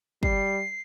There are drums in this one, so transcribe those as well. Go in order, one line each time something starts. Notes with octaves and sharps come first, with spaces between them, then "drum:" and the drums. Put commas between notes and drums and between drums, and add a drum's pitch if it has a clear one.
G3 C7, drum: kick